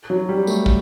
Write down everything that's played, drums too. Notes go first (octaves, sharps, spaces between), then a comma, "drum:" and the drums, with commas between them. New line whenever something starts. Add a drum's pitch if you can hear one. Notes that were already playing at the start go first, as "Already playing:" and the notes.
F#3
G3
A3, drum: tambourine
drum: kick